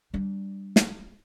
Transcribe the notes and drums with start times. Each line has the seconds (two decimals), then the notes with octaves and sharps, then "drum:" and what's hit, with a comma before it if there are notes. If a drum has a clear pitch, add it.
0.13 G3 D4
0.76 drum: snare